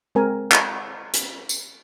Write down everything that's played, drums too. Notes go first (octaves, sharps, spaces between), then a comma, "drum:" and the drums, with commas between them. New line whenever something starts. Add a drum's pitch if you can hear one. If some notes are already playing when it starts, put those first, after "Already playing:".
G#3 C4 A#4 G#5
drum: clap
drum: hi-hat
drum: tambourine